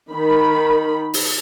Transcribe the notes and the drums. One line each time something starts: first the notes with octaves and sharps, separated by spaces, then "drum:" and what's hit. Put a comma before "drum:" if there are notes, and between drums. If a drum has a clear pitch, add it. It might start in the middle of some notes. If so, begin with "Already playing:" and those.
D#3 B5
drum: open hi-hat